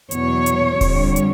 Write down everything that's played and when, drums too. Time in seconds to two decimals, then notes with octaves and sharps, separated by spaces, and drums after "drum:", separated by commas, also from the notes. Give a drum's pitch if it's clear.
0.11 E2 B2 F#3 C#5, drum: hi-hat
0.46 drum: hi-hat
0.81 F2 D3 G3, drum: kick D#1, open hi-hat
1.16 drum: hi-hat